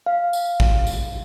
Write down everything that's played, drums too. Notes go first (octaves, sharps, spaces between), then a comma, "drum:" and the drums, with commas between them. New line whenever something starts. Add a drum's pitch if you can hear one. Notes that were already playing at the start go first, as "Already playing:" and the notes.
F5
drum: tambourine
drum: kick
drum: tambourine